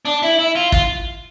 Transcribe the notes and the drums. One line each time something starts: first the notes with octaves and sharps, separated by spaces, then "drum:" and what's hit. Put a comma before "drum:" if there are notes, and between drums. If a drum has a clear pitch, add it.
D4
E4
E4
F4
F4, drum: kick